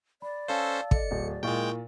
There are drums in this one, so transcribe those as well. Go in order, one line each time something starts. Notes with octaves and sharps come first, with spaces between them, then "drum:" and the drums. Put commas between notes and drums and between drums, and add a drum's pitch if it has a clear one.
D5 B5
C#4 A4 C5 F5 A5 E6
A4 D#5 C#7, drum: kick
D1
A#2 G#3 E4 F4 A#4 G5 C#6